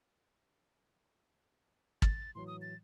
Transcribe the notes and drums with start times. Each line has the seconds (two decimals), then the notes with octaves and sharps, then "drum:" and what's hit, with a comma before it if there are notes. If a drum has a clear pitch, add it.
2.02 A6, drum: kick
2.35 A2 E3 F#3 C6
2.47 D#6
2.62 A6